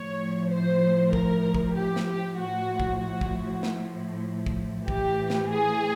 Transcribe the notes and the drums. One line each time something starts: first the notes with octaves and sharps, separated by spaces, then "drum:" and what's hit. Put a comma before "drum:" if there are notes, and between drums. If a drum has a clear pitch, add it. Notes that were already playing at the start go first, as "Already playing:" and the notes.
Already playing: A2 F3 C#5
C5
A#4, drum: kick
drum: kick
G4
drum: snare
G4
A2 F3 F#4
drum: kick
F#4
drum: kick
drum: snare
drum: kick
A2 E3 G4, drum: kick
drum: snare
G#4